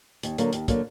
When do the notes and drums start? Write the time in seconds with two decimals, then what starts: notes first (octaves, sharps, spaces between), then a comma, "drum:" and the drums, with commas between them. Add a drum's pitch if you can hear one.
0.23 D#2, drum: hi-hat
0.38 D3 F#3 A#3, drum: hi-hat
0.53 D#2, drum: hi-hat
0.68 D3 F#3 A#3, drum: kick, hi-hat